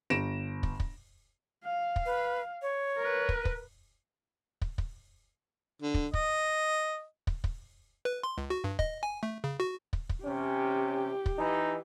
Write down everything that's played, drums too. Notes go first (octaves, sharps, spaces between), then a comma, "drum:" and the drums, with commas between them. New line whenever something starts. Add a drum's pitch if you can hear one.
G1 A#6 D7 E7
drum: kick
drum: kick
F5
drum: kick
B4
C#5
A#4 B4
drum: kick
drum: kick
drum: kick
drum: kick
D3
drum: kick
D#5, drum: kick
drum: kick
drum: kick
B4
C6
C#2
F#4
G2
D#5, drum: kick
G#5
A3
C#3
F#4
drum: kick
drum: kick
C3 C#4 G4
drum: kick
E3 D#4